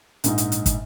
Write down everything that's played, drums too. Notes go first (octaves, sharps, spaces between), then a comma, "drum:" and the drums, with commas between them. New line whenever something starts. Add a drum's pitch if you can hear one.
A#1 G#2 D#4, drum: hi-hat
drum: hi-hat
drum: hi-hat
drum: kick, hi-hat